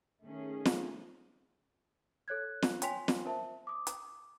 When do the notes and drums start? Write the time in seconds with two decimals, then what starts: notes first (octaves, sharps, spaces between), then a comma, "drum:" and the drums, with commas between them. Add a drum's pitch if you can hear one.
0.23 D#3 A3 C#4 G#4
0.65 drum: snare
2.28 A4 C#5 F#6 G#6
2.62 drum: snare
2.82 C#5 G5 G#5 C6 B6 F7, drum: hi-hat
3.08 drum: snare
3.26 A#4 C5 E5 A5
3.67 D6 D#6
3.87 drum: hi-hat